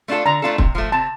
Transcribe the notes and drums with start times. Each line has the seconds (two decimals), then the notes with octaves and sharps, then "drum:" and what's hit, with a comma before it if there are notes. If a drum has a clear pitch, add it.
0.08 A3 D4 F4 A4
0.26 D3 A#5
0.42 A3 D4 F4 A4
0.58 C3, drum: kick
0.75 F3 A3
0.92 C3 A5